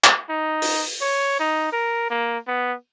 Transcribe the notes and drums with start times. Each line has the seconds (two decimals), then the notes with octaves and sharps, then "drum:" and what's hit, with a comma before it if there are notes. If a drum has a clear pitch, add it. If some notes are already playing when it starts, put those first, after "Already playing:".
0.04 drum: clap
0.29 D#4
0.62 drum: open hi-hat
1.01 C#5
1.39 D#4
1.72 A#4
2.10 A#3
2.47 B3